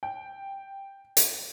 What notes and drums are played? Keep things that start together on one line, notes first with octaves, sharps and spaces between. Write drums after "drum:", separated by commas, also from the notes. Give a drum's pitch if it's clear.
G5
drum: hi-hat